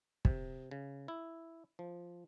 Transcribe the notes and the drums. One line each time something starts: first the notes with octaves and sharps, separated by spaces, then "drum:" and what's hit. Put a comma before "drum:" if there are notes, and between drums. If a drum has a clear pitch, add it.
C3, drum: kick
C#3
E4
F3